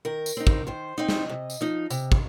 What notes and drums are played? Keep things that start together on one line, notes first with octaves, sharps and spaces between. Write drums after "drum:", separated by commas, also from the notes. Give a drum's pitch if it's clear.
D#3 A#4
drum: tambourine
C4 D#4
drum: kick
D#3 C5
C4 D#4 D#5
drum: snare
C3
drum: tambourine
F3 D#4
C3, drum: tambourine
drum: kick